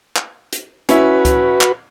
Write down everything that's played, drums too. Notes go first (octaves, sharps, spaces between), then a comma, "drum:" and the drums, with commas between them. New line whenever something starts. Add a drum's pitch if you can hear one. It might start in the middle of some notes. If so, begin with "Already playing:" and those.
drum: clap
drum: hi-hat
C#4 E4 F#4 B4, drum: hi-hat
drum: kick C#2, hi-hat
drum: clap